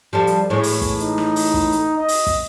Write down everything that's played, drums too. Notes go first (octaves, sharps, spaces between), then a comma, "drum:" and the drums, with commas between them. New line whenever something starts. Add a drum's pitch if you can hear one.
F3 G3 A4
drum: hi-hat
A2 E3 G#3 C#5
drum: open hi-hat
drum: kick, hi-hat
D#4, drum: hi-hat
drum: snare
drum: open hi-hat
drum: kick
drum: hi-hat
D#5
drum: open hi-hat
drum: kick, hi-hat